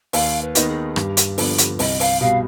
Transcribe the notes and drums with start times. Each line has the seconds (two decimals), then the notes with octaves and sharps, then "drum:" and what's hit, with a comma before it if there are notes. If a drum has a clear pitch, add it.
0.13 D#2 F5, drum: open hi-hat
0.41 B4
0.55 D#3 B3 D#4, drum: hi-hat
0.69 G#4
0.96 G2 G4, drum: rim click
1.17 drum: hi-hat
1.38 D3 F3 B3 D4, drum: open hi-hat
1.58 drum: hi-hat
1.79 C2 D#5, drum: open hi-hat
2.00 F5, drum: open hi-hat
2.20 B2 G3 F5